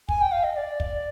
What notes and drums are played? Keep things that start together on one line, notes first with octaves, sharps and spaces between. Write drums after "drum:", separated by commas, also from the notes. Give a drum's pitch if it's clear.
G#5, drum: kick
G5
F5
D#5
D5
drum: kick